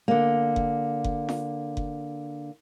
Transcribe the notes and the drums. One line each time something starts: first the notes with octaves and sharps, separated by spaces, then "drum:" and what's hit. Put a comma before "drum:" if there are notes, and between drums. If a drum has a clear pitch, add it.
D3 A#3
drum: kick F#1
drum: kick F#1
drum: snare
drum: kick F#1